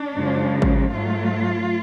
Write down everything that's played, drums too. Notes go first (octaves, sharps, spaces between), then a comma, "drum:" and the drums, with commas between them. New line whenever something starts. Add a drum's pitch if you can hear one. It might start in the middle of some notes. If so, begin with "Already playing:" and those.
Already playing: D4
F#2 C#3 F3 G#3
drum: kick G#1
G#2 F#3 A3 F4